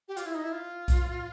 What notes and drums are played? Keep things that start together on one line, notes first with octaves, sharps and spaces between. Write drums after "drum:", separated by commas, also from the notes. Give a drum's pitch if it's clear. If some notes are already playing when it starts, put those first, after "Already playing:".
G4
F4, drum: hi-hat
E4
D#4
E4
F4
drum: kick B1, hi-hat